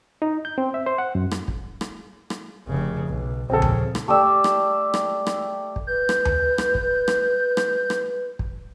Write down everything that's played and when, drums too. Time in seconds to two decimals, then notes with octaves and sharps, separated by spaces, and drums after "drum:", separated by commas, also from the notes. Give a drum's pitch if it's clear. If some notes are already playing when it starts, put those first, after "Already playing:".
0.22 D#4
0.45 G6
0.58 C4
0.74 E5
0.86 C5
0.98 F#5
1.15 F#2
1.31 drum: rim click
1.48 drum: kick
1.81 drum: rim click
2.30 drum: rim click
2.68 F1 C#3
3.07 B1
3.50 A#1 C#3 C4 A4
3.62 drum: tom D#2
3.95 drum: rim click
4.08 A3 G4 D5 E6
4.44 drum: rim click
4.94 drum: rim click
5.27 drum: rim click
5.76 drum: kick
5.87 B4 G6
6.09 drum: rim click
6.25 drum: tom D#2
6.58 drum: rim click
6.75 drum: kick
7.08 drum: rim click
7.57 drum: rim click
7.90 drum: rim click
8.39 drum: kick